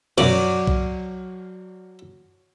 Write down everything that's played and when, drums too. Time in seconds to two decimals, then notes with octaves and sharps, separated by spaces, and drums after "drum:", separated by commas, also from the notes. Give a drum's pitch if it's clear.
0.18 F#2 B2 F#3 D5, drum: cymbal
0.67 drum: kick B1